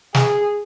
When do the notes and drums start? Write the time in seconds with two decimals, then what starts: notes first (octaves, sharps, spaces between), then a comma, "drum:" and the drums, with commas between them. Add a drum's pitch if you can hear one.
0.15 G#4, drum: snare